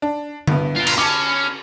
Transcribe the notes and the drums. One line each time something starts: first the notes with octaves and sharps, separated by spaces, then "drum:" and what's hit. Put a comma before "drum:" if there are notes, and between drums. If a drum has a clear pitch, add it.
D4
G2 B3, drum: tom D3
F4 A#4
drum: cymbal
C#4 A5 D6